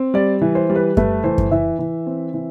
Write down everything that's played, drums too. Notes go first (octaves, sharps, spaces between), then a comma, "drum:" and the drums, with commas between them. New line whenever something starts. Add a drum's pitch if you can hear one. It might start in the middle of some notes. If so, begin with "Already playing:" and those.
Already playing: C4
G3 D5
E3
C5
G3
B4
A3 B4, drum: kick F#2
E3 C5
drum: kick F#2
E3 E5
E3
C4
E3